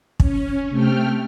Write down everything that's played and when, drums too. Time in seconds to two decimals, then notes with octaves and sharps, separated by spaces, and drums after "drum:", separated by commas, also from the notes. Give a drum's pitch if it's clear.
0.20 C#4, drum: kick
0.70 C3 A3 G5 F6